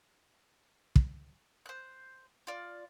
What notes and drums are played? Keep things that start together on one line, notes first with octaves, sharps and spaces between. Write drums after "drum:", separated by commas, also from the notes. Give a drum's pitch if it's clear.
drum: kick
C5 F#6
F4 D5